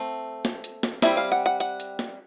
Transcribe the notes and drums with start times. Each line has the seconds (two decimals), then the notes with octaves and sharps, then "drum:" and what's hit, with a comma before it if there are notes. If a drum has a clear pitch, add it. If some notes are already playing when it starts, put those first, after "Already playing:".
Already playing: A3 C4
0.45 drum: snare
0.64 drum: hi-hat
0.83 drum: snare
1.02 G3 C4 E4 E5, drum: snare
1.17 F5
1.32 F#5
1.46 F#5
1.60 F#5, drum: hi-hat
1.80 drum: hi-hat
1.99 drum: snare